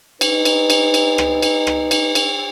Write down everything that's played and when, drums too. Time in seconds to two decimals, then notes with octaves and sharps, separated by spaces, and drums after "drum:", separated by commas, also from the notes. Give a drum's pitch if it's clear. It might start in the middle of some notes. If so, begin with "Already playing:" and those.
0.21 D#4 B4, drum: cymbal
0.45 drum: cymbal
0.70 drum: cymbal
0.94 drum: cymbal
1.18 drum: rim click
1.42 drum: cymbal
1.67 drum: rim click
1.91 drum: cymbal
2.15 drum: cymbal